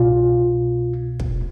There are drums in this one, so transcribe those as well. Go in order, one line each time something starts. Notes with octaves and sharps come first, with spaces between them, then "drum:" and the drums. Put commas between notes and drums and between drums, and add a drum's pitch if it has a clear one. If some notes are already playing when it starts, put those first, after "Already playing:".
Already playing: C2 B2 F4
drum: kick